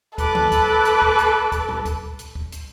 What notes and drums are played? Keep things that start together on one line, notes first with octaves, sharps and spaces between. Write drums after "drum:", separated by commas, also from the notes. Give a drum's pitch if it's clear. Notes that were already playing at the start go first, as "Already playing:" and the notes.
A4 B4 D6, drum: kick D2, hi-hat
drum: tom
drum: kick D2, hi-hat
drum: hi-hat
drum: kick D2
drum: hi-hat
drum: kick D2, hi-hat
drum: tom A#2
drum: kick D2, hi-hat
drum: hi-hat
drum: kick D2
drum: hi-hat